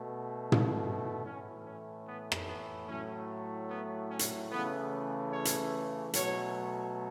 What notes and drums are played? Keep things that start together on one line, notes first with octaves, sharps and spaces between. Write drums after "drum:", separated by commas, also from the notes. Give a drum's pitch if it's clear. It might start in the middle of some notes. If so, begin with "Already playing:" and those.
Already playing: B2 A3
drum: tom
A2 E3 A3 C#4
C#4
B3
drum: rim click
B3
A2 F#3 A3 C#4
B3
C#4
drum: hi-hat
C#3 E3 A3 B3
C#5
drum: hi-hat
B2 F#3 A3 C#5, drum: hi-hat